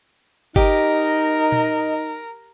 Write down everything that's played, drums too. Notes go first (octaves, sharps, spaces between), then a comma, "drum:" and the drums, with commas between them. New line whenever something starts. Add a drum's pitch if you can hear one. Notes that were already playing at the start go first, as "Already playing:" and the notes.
D#4 G4 A#4 D#5, drum: kick G1
drum: tom A#2